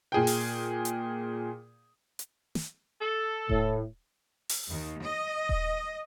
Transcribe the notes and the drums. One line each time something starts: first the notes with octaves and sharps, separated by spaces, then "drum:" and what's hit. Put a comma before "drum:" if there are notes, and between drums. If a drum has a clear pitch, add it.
A#2 G#4 G5
drum: open hi-hat
drum: hi-hat
drum: hi-hat
drum: snare
A4
A2, drum: kick D#1
drum: open hi-hat
D#2
D#5
drum: kick D#1